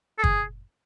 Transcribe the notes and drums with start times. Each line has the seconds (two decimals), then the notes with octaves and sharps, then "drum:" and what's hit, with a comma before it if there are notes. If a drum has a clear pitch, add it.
0.19 A4
0.24 G#4, drum: kick